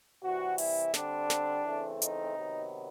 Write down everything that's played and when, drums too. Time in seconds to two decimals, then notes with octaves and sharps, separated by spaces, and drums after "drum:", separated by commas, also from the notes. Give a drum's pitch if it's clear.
0.23 C3 E3 G3 F#4
0.58 E4, drum: open hi-hat
0.94 D3 G3 C4 D4, drum: snare
1.30 drum: snare
1.65 C#3 E3 A3 C4
2.02 D#4, drum: hi-hat
2.36 C3 D#3 F#3 B3